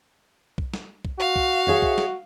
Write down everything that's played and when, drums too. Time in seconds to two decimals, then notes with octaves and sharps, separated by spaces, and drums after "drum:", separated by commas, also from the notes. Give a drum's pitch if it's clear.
0.58 drum: kick B1
0.74 drum: snare
1.05 drum: kick B1
1.19 F#4 F5
1.36 drum: kick B1
1.67 G#4 C#5 E5
1.82 drum: kick B1
1.98 drum: snare